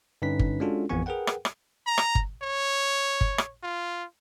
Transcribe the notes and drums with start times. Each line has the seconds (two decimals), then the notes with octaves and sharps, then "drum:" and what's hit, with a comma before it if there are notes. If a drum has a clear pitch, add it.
0.22 G2 D3 C#4 D#4 B4 B6
0.39 drum: kick G1
0.60 G#3 C#4 D4 F4 F#4 A4
0.89 A1 F2 E3 B3 G#5 C#6
1.06 G#4 A#4 B4 F#5 G5
1.27 drum: rim click
1.45 drum: rim click
1.87 A#5
1.98 drum: rim click
2.15 drum: kick G1
2.42 C#5
3.21 drum: kick G1
3.38 drum: rim click
3.63 F4